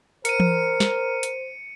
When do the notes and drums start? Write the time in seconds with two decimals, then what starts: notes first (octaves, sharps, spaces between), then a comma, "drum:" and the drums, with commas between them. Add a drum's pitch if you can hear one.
0.25 A#4 C5 C#7 D#7, drum: hi-hat
0.40 drum: tom E3
0.80 drum: snare
1.23 drum: hi-hat